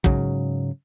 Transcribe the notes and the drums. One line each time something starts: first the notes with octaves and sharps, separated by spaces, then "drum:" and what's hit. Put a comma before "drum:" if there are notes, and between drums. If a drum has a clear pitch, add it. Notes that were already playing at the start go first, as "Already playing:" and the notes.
G#2 C#3 F#3, drum: kick